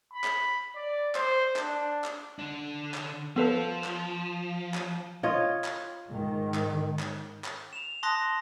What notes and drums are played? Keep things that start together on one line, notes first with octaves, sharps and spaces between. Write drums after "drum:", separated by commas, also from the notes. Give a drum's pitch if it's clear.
B5
drum: clap
D5
C5, drum: clap
D4, drum: clap
drum: clap
D3 D4
drum: clap
F3 B3 A4 B4
drum: clap
drum: clap
F4 C#5 D#5
drum: clap
G#2 D#3
drum: clap
drum: clap
drum: clap
E7 F7
A5 C6 D6 D#6 F#6 A#6